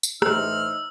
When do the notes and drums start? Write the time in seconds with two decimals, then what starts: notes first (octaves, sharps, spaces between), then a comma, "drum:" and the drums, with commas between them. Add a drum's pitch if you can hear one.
0.03 drum: tambourine
0.22 A2 E3 D#4 C5 E6 F6, drum: rim click